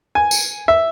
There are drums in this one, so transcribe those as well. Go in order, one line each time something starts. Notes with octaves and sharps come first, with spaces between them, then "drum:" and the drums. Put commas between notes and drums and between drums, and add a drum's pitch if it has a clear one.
G#5
drum: tambourine
E5